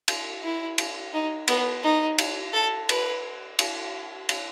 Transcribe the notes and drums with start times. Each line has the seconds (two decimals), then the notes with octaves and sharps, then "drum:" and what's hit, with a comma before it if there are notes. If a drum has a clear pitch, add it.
0.08 drum: cymbal
0.43 E4
0.78 drum: cymbal
1.14 D#4
1.48 B3, drum: cymbal
1.83 D#4
2.18 drum: cymbal
2.53 A4
2.89 B4, drum: cymbal
3.59 drum: cymbal
4.29 drum: cymbal